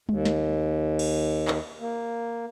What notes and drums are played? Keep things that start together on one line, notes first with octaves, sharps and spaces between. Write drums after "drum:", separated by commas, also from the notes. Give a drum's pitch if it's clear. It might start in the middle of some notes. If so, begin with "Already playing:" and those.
D#2, drum: tom G3
drum: snare
drum: cymbal
drum: clap
A#3